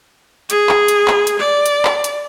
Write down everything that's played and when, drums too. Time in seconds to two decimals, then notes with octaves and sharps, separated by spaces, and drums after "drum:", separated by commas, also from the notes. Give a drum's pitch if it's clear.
0.50 G#4, drum: hi-hat
0.69 drum: clap
0.88 drum: hi-hat
1.08 drum: clap
1.27 drum: hi-hat
1.40 D5
1.66 drum: hi-hat
1.85 drum: clap
2.04 drum: hi-hat